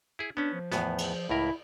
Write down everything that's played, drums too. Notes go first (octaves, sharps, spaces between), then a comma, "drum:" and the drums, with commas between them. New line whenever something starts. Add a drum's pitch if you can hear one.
E4 G#4
B3 C#4 D4
F3
E2 A2 B3, drum: snare
drum: cymbal
C#2 A2 E4 A#4